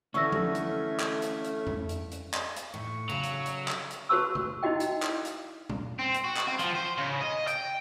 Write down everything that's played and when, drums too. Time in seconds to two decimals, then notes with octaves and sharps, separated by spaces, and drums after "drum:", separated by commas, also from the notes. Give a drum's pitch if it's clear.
0.14 D3 E3 A3 C#4 C#6 E6 A#6
0.32 drum: tom F3
0.55 drum: hi-hat
1.00 drum: clap
1.22 drum: hi-hat
1.44 drum: hi-hat
1.67 drum: tom F2
1.89 drum: hi-hat
2.11 drum: hi-hat
2.34 drum: clap
2.56 drum: hi-hat
2.74 A2 C#6
3.10 C#3 F#3 A4
3.23 drum: hi-hat
3.46 drum: hi-hat
3.68 drum: clap
3.90 drum: hi-hat
4.09 F#4 B4 C5 A5 C#6 E6
4.35 drum: tom C3
4.63 D#4 E4 F#4 D#5 G5
4.80 drum: hi-hat
5.02 drum: clap
5.25 drum: hi-hat
5.70 drum: tom
5.99 C4
6.14 drum: hi-hat
6.24 F#4
6.37 drum: clap
6.47 C4
6.59 F3, drum: hi-hat
6.74 C5
6.98 C#3
7.21 D#5
7.47 G5, drum: hi-hat